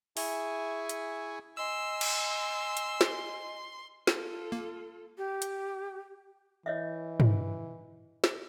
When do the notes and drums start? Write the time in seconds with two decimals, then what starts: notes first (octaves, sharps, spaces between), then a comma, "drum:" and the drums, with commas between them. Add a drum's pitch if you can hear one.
0.17 E4 G#4 E5 G#5 C#6, drum: open hi-hat
0.89 drum: hi-hat
1.57 D#5 G#5 C6 E6
2.01 drum: cymbal
2.77 drum: hi-hat
3.01 drum: snare
4.07 F4 A4, drum: snare
4.52 A#3
5.18 G4
5.42 drum: hi-hat
6.66 E3 C#5 D#5 E5
7.20 drum: tom
8.24 drum: snare